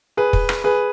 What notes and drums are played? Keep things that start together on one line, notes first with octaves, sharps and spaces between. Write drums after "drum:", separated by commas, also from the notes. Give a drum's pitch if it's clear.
G#4 B4
drum: kick
drum: rim click
G#4 B4